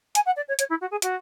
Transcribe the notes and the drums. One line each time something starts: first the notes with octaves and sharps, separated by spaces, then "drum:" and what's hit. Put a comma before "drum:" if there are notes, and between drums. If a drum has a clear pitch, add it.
G#5, drum: hi-hat
F#5
D5
C#5
C#5, drum: hi-hat
E4
F#4
G#4
F#4, drum: hi-hat